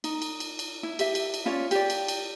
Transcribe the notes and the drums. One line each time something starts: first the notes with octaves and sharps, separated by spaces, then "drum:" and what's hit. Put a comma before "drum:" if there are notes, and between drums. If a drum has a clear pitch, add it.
D#4, drum: cymbal
drum: cymbal
drum: cymbal
drum: cymbal
E4
G4 E5, drum: cymbal
drum: cymbal
drum: cymbal
C#4 F4 C#5 D5
G4 D5, drum: cymbal
drum: cymbal
drum: cymbal